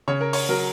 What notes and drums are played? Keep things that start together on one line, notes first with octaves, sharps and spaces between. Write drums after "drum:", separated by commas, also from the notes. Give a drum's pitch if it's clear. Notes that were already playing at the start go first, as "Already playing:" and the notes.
C#3 C#5
A#4
C#5, drum: open hi-hat
F#3 A#4